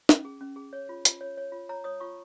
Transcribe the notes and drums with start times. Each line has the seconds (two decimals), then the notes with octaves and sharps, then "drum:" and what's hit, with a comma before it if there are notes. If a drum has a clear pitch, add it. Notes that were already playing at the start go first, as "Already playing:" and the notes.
0.09 C#4, drum: snare
0.25 G#4
0.41 C#4
0.56 G#4
0.73 C#5
0.89 F4
1.05 F4, drum: hi-hat
1.21 C#5
1.37 C#5
1.52 F4
1.69 C#5 A#5
1.84 C#5 D#6
2.00 F4 C#6